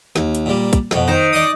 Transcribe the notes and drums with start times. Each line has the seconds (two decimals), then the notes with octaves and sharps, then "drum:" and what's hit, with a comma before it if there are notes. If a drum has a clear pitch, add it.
0.16 D#2, drum: snare
0.35 drum: hi-hat
0.46 A#2 G3
0.73 drum: kick, hi-hat
0.91 F2 B2, drum: snare
1.08 D#3 C5
1.33 D5 D#5 D#6